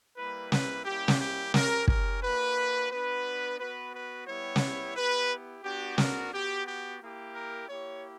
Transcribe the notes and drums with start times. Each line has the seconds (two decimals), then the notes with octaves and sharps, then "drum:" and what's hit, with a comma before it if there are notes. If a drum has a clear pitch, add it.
0.17 G3 A#3 E4 B4
0.52 B4, drum: snare
0.85 G3 A#3 C#4 E4 G4
1.08 drum: snare
1.19 G4
1.54 C#4 G4 A#4, drum: snare
1.88 A#4, drum: kick
2.22 A#3 D4 F#4 B4
2.91 B3 D4 F#4 B4
3.59 B3 F#4 B4
3.94 B4
4.27 G3 B3 E4 G4 C#5
4.56 drum: snare
4.95 B3 E4 G4 B4
5.64 B3 D4 F#4 G4
5.98 A#4, drum: snare
6.32 B3 F#4 G4
6.67 G4
7.01 A#3 E4 G4
7.35 A#4
7.69 A#3 E4 G4 C#5